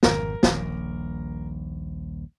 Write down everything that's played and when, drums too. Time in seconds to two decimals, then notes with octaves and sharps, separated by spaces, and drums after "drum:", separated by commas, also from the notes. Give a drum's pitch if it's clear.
0.03 G#1 F2 B2 A#4, drum: snare
0.43 D#1 A#1, drum: snare